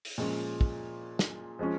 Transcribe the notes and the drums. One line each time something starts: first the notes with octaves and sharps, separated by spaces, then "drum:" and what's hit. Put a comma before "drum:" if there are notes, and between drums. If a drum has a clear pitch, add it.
drum: open hi-hat
A#2 F3 G#3 C#4
drum: kick
drum: snare
F3 G#3 C#4